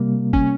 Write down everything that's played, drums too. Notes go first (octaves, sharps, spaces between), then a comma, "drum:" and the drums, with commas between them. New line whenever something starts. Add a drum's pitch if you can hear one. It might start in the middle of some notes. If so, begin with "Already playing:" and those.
Already playing: C3 G3 A#3
C#4, drum: kick